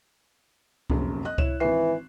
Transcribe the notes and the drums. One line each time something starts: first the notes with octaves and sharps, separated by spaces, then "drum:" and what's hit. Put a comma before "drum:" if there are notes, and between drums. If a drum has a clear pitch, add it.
F1 A#1 F#2, drum: kick C#2
D#5 F#6
E4 C#5 E7, drum: kick C#2
G#1 E3 C7